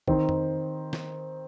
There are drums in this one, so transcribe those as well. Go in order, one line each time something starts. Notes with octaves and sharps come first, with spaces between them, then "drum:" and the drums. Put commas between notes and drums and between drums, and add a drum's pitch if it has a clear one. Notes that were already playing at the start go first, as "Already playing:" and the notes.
D#3 C4 D#4, drum: kick
drum: tom F2
drum: snare